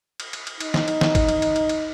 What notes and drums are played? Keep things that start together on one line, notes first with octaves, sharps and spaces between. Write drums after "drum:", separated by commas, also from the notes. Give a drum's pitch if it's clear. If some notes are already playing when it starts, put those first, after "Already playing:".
drum: cymbal
drum: cymbal
drum: cymbal
D#4, drum: cymbal
drum: snare
drum: cymbal
drum: snare
drum: kick, cymbal
drum: cymbal
drum: cymbal
drum: cymbal
drum: cymbal